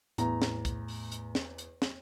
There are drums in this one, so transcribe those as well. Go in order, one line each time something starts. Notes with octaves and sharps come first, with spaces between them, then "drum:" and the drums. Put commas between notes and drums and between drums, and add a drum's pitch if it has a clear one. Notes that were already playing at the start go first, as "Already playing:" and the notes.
E2 A2 A#5, drum: hi-hat
drum: snare
drum: kick, hi-hat
drum: open hi-hat
drum: hi-hat
drum: snare
drum: hi-hat
drum: snare